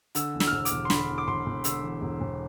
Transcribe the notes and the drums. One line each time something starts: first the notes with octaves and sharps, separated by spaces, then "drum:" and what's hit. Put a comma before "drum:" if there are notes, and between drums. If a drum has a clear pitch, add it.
D3 E6, drum: hi-hat
E2
E6, drum: snare
F6
E1 E6
D6, drum: hi-hat
E1
C6
D3 B5, drum: snare
E2
D6
E1 C6
E1
D3 E6, drum: hi-hat
E2
E1
E1